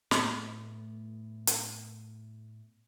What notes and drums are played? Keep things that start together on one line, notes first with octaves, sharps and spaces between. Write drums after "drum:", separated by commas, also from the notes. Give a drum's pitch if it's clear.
A2 A3 B3, drum: snare
drum: hi-hat